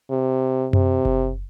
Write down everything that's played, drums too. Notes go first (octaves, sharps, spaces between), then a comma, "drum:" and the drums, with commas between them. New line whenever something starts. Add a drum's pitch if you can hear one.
C3
C3, drum: tom F#2
drum: kick F#1